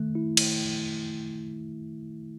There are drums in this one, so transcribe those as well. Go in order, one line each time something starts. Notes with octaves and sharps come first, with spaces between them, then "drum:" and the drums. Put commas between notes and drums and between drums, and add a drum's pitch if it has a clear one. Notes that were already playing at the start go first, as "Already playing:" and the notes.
Already playing: D#3 A3
E4
drum: cymbal